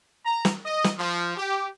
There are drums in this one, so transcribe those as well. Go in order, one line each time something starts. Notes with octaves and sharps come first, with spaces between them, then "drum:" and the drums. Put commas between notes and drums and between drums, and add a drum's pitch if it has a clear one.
A#5
drum: snare
D#5
drum: snare
F3
G4